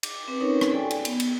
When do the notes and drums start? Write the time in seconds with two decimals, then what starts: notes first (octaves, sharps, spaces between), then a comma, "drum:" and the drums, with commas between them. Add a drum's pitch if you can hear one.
0.03 D6, drum: cymbal
0.28 C4 B4 D6
0.40 C4 C#4 D#4 A#4 B4 C#5
0.61 drum: rim click
0.71 A4 D5 G5 G#5
0.91 drum: cymbal
1.05 B3, drum: cymbal
1.20 drum: cymbal